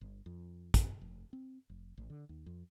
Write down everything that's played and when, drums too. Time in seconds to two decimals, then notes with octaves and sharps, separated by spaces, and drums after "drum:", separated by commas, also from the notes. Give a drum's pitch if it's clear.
0.01 G1
0.26 F2
0.74 D#1, drum: kick, hi-hat
1.01 F1
1.33 C4
1.70 F1
1.98 A1
2.10 D3
2.29 D#2
2.46 F2